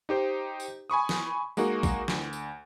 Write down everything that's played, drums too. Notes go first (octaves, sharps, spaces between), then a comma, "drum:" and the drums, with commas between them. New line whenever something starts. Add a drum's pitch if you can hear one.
D#4 G4 C5
drum: tambourine
G#5 B5 C#6 D#6
drum: snare
G#3 A#3 D#4 F#4, drum: tambourine
drum: kick A#1, tambourine
D2, drum: snare
drum: tambourine